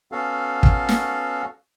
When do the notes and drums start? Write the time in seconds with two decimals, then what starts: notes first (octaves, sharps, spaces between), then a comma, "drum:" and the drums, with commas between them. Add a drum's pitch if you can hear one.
0.12 B3 C#4 F#4 A4 F5
0.63 drum: kick
0.89 drum: snare